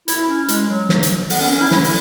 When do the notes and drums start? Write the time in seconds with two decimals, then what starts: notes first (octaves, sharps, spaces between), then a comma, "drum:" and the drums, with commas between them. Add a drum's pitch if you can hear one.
0.08 E4, drum: hi-hat
0.28 C#4
0.48 G#3, drum: hi-hat
0.69 F#3
0.89 drum: snare
1.03 drum: hi-hat
1.30 B3, drum: open hi-hat
1.40 C#4
1.51 C#4
1.61 E4
1.71 E4, drum: snare
1.84 drum: open hi-hat